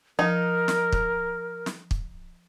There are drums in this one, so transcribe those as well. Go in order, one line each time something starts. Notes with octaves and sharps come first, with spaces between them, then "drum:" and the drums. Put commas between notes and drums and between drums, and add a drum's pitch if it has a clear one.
F3 D#4 A#4
drum: snare
drum: kick
drum: snare
drum: kick